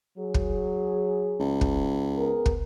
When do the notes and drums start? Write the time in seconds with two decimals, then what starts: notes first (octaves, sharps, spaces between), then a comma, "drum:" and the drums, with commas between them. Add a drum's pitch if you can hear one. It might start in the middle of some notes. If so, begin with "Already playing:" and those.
0.18 F#3 G#4
0.34 drum: kick
1.40 C#2
1.61 drum: kick
2.16 B3 G#4 A#4
2.46 drum: kick